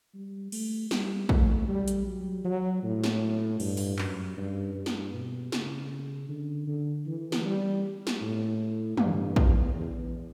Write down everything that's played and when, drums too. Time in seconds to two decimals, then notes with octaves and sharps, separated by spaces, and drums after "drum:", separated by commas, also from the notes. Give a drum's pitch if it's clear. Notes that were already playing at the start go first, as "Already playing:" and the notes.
0.14 G3
0.52 A3, drum: cymbal
0.91 G3, drum: snare
1.29 A3, drum: kick
1.68 G3
1.88 drum: hi-hat
2.06 F#3
2.44 F#3
2.83 A2
3.04 drum: snare
3.60 G2, drum: cymbal
3.77 drum: open hi-hat
3.99 F#2, drum: clap
4.37 G2
4.75 G2
4.86 drum: snare
5.13 B2
5.52 C#3, drum: snare
6.29 D3
6.67 D3
7.06 E3
7.32 drum: snare
7.45 G3
8.07 drum: snare
8.21 A2
8.97 G2, drum: tom
9.36 E2, drum: kick
9.74 E2